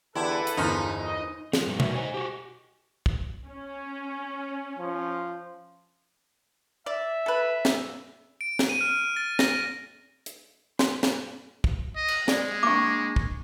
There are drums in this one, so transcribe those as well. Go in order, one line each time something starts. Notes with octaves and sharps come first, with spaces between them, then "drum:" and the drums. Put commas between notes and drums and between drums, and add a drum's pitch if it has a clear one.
E2 D3 E4 G4 A4 B4
drum: hi-hat
G1 E2 F3 D#4 A#4
D#5
F3, drum: snare
G2 B2 G3
G3 F#4 B4 C#5 E5, drum: tom B2
C5 D#5 G#5
F#4 G4
drum: kick
C#4
F3
D5 E5
A4 B4
drum: snare
D7
drum: snare
D#7
F6
A6
A#6, drum: snare
drum: hi-hat
C6, drum: snare
drum: snare
drum: kick
D#5
drum: cymbal
G#3 D5, drum: snare
A#3 C4 D4 C#6 D6
drum: kick